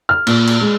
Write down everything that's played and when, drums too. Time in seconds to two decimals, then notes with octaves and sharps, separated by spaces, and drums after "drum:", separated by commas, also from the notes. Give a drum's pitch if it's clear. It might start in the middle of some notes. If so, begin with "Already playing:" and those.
0.09 F6
0.27 A#2, drum: cymbal
0.47 drum: cymbal
0.61 G#3